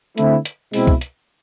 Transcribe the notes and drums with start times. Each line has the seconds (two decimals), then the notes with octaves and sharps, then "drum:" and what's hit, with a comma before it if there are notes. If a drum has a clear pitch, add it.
0.18 D3 A3 C4 E4, drum: hi-hat
0.45 drum: hi-hat
0.73 B2 G#3 C4 E4, drum: open hi-hat
0.87 drum: kick C2
1.01 drum: hi-hat